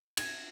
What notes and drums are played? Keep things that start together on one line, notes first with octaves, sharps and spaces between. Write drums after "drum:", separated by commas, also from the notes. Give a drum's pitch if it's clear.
G#6, drum: cymbal